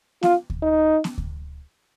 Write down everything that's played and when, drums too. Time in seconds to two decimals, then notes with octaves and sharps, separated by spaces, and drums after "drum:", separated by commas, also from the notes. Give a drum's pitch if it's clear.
0.23 F4, drum: snare
0.50 drum: kick D2
0.63 D#4
1.04 drum: snare
1.18 drum: kick D2